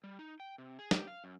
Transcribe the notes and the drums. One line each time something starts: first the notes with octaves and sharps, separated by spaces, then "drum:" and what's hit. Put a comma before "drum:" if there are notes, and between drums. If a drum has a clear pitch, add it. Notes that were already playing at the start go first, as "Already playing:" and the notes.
G3
D#4
G5
C3
G#4
G4, drum: snare
F5
F#2